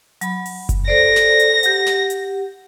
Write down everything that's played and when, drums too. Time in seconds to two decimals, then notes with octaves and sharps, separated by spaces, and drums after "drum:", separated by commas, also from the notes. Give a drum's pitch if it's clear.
0.21 F#3 B5, drum: hi-hat
0.46 drum: open hi-hat
0.69 drum: kick F#1, hi-hat
0.88 A4 C5 D5 A#6
1.16 drum: snare
1.39 drum: hi-hat
1.63 G4 F#5, drum: hi-hat
1.86 drum: snare
2.10 drum: hi-hat